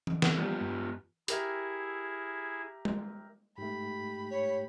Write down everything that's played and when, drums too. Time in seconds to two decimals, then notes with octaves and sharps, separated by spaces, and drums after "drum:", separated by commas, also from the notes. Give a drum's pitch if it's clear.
0.07 drum: tom E3
0.22 B3 C4, drum: snare
0.37 F3 G3 A#3 B3 F4 G4
0.61 G2
1.28 E4 G4 G#4 A#4 E5, drum: hi-hat
2.85 drum: tom G#3
3.58 G#2 A3 G4 B5
4.31 C#5